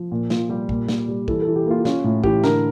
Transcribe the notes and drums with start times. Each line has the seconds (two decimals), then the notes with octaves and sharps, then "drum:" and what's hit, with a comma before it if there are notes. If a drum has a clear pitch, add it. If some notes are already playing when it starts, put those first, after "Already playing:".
Already playing: F3
0.12 A#2
0.30 A#2 F4, drum: snare
0.49 G3 G4
0.69 A#2, drum: kick
0.89 A#2, drum: snare
1.08 G3
1.28 E3 A4, drum: kick
1.42 A4
1.47 E3
1.56 G4
1.66 A#3 F4
1.85 C#4 F4, drum: snare
2.04 A2
2.24 E3 G4, drum: kick
2.44 D3 A#4, drum: snare